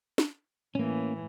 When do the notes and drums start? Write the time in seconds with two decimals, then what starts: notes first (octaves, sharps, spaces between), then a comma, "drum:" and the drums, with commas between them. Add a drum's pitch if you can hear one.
0.18 drum: snare
0.75 A2 E3 A#3 C#4